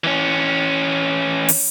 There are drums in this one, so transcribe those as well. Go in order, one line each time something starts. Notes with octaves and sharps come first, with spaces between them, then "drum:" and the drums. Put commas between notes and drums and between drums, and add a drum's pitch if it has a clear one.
E3 C#4
drum: open hi-hat